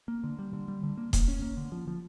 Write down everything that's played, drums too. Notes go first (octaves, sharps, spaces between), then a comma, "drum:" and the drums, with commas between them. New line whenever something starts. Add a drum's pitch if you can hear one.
A#3
D3
G3
D3
G3
D3
A#3
A#3, drum: kick D#1, hi-hat
C#4
A#3
D3
F3
F3